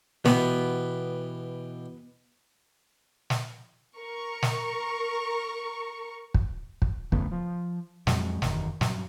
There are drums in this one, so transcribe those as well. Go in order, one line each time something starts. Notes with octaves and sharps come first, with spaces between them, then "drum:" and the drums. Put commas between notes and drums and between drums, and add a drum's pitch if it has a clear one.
B2 E3 B3 G4, drum: snare
drum: snare
A#4 C#6
drum: snare
drum: kick
drum: kick
E2 C#3 A3 B3, drum: kick
F3
F2 F#3 G#3, drum: snare
F#1 E2 A#2 D#3, drum: snare
G2 F#3, drum: snare